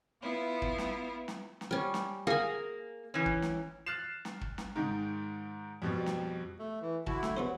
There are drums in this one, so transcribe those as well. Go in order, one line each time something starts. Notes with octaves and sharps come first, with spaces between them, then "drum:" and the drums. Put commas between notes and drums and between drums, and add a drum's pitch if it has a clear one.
B3 E4 F4
drum: kick
drum: snare
drum: snare
drum: snare
G3 C#4
drum: snare
A#3 G#4 G#5
E3 C#4
drum: kick
drum: snare
F6 F#6 A6 C7 E7
drum: snare
drum: kick
drum: snare
G#2 D#3
F2 B2 G3
drum: snare
A3
E3
D3 E4 F#4 A5, drum: kick
A3, drum: snare
F#3 G3 B3 C5